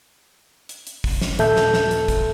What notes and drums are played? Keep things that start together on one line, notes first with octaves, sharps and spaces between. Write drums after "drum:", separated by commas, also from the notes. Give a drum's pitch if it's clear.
drum: hi-hat
drum: hi-hat
drum: kick, open hi-hat
drum: snare
D#2 A#2 A4 E5 A5 G6, drum: hi-hat
drum: snare
drum: snare
drum: hi-hat
drum: kick, hi-hat